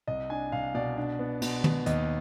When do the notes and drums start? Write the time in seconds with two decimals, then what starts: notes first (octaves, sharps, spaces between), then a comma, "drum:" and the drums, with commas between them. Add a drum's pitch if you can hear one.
0.07 C2 D#5
0.30 D4 G#5
0.52 C2 F5
0.75 B2 D5
0.97 D4
1.19 B3
1.42 B2, drum: cymbal
1.64 B3, drum: tom
1.86 D#2 D#5, drum: hi-hat